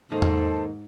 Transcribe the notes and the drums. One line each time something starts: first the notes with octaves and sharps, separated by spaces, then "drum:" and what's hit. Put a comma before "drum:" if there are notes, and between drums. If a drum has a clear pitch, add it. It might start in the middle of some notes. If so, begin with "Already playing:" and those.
G#2 D#3 A#3 D#4 A4 C5 A5
drum: tom E2